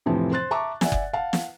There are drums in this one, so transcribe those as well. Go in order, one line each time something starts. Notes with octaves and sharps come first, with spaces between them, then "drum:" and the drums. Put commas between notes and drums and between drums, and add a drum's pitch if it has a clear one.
F2 A2 C3 E3 F3
C5 C6 F#6 A6
E5 A5 A#5 C#6 D6
D5 E5 F#5 G#5, drum: snare
drum: kick F#1
F5 F#5 A5
drum: snare